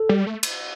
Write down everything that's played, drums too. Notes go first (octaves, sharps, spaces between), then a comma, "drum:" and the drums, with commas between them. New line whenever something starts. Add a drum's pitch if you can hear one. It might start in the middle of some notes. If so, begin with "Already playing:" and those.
Already playing: A4
G3
A3
drum: cymbal